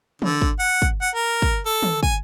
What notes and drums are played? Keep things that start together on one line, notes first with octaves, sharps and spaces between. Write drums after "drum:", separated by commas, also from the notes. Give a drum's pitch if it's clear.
D3, drum: tom
drum: kick
F#5
drum: kick
F#5
A#4
drum: kick
A4
drum: tom
G#5, drum: kick